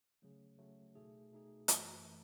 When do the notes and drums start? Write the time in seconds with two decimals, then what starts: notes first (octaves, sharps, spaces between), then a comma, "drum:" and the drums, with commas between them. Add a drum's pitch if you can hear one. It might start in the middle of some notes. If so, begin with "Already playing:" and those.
0.22 C#3 F#3 A3
0.59 C#3 F#3 A3
0.95 B2 A3 D#4 G#4
1.31 B2 A3 D#4 G#4
1.68 F#2 E3 A3, drum: hi-hat
2.04 E3 A3